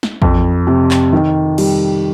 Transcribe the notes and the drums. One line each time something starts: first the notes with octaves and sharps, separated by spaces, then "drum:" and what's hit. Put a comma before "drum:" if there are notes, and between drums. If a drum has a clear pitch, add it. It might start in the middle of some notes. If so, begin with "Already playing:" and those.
drum: snare
F2, drum: kick A1
C3
drum: clap
D#3
G3, drum: cymbal